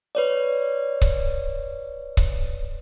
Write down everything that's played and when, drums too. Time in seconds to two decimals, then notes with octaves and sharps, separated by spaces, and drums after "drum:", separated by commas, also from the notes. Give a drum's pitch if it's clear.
0.15 B4 C#5 D5
1.02 drum: kick C#1
2.17 drum: kick C#1